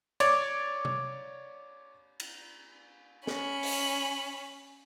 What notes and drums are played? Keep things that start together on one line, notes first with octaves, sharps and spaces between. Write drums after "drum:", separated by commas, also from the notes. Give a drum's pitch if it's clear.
C#5 D5 D6, drum: cymbal
drum: tom C3
drum: cymbal
C#4 B5, drum: snare
drum: open hi-hat